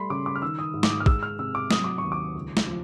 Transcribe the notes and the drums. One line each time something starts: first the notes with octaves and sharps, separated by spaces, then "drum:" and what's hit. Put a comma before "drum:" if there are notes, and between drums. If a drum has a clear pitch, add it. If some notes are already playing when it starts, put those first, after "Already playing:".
Already playing: G3 A3 B5 C6
C#3 D6
D6
F6
D#3 E6
D#6
G#2
D6, drum: snare
D#6
F6
G#3 E6, drum: kick
F6
C3 E6
D6
F#3 D#6, drum: snare
D6
C#6
D#2
D6
C#2
drum: snare
F3